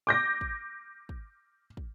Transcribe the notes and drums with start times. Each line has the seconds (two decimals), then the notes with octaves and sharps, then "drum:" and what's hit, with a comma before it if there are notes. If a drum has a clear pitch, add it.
0.07 D6 G6 A#6
0.41 drum: kick
1.09 drum: kick
1.77 drum: kick